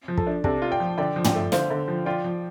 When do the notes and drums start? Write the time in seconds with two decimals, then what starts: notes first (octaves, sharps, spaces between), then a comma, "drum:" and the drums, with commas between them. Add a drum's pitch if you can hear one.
0.08 F3
0.18 A4, drum: kick
0.27 D4
0.44 C3 A4 D5, drum: kick
0.62 F4
0.71 D5 G5
0.80 F3
0.98 D3 D5 G5
1.16 F3
1.24 D5 G5, drum: tom
1.35 A3
1.52 D3 C5 F5, drum: snare
1.70 D3
1.88 F3
2.06 F4 D5 G5
2.24 F3